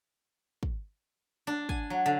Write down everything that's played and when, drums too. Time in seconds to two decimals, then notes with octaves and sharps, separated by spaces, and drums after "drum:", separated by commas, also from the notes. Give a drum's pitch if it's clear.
0.63 drum: kick
1.47 D4
1.69 G#5, drum: kick
1.90 F#3
2.06 D3